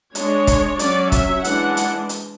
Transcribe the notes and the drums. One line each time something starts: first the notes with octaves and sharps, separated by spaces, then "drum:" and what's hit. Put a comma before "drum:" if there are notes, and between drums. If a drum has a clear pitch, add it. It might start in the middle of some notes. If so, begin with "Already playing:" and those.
G#3 D4 C#5, drum: hi-hat
drum: kick, hi-hat
F#3 C#4 D5, drum: hi-hat
E5, drum: kick, hi-hat
E3 G#3 D4 F#5, drum: hi-hat
drum: hi-hat
drum: hi-hat